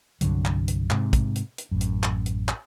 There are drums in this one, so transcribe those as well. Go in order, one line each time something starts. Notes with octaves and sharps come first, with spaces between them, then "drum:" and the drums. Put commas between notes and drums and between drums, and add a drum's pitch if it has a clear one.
C2 G2 D3 F#3, drum: hi-hat
drum: clap
drum: hi-hat
G#2 C3, drum: clap
drum: kick, hi-hat
drum: hi-hat
drum: hi-hat
A1 F#2
drum: hi-hat
drum: clap
drum: hi-hat
drum: clap